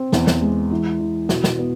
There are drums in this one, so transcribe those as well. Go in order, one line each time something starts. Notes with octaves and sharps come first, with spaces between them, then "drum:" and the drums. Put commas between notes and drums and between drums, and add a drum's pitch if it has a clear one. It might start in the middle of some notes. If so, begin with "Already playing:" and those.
Already playing: C4
E2, drum: snare
drum: snare
G#3
E3
E3
B2, drum: snare
drum: snare
B3